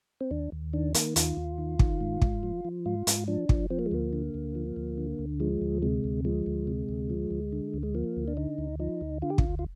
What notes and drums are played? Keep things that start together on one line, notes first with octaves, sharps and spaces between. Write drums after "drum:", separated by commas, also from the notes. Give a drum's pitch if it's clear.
C4
D#2 D4
D#2
D#3 D4
D#3 A#3, drum: hi-hat
D#2 F4, drum: hi-hat
D#2
D#3
D#3, drum: kick
G#2
G#2, drum: kick
F3
F3
G#2 F4
G#2, drum: hi-hat
F3 D4
F3, drum: kick
F3 C4
A#3
G#3
D2 A#3
D3
D2
F3
D2
D3
D2
F3 G#3
D2
C3 G#3
D2
F3 G#3
D2
C3
D2
F3
D2
D3
D2
G#3
F3 A#3
D2
D4
D3 D#4
D2
F3 D#4
D2
D3 F4
G4
F4, drum: kick
D2
F4